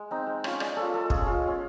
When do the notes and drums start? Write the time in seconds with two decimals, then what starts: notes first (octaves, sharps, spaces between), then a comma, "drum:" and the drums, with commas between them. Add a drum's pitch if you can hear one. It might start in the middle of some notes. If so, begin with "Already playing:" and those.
Already playing: G#3
0.11 C4 D#4
0.27 G#3
0.44 C#4 F4, drum: rim click
0.60 G#3 D5, drum: rim click
0.77 C#4 F4 A4
0.94 G#3 A4
1.10 C#4 F4 G#4, drum: kick
1.26 G#3 F4
1.44 C#4 F4